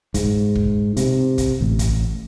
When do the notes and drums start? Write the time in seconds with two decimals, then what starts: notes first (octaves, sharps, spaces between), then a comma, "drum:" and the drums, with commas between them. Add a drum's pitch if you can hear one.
0.14 G#2, drum: kick, hi-hat
0.55 drum: kick
0.97 C3, drum: hi-hat
1.38 drum: kick, hi-hat
1.61 A1
1.79 drum: kick, hi-hat